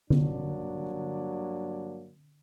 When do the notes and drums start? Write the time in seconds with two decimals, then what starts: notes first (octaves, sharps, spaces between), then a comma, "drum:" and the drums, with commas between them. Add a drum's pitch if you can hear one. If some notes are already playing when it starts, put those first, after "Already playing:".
0.10 G2 F#3 A#3 D4, drum: tom D3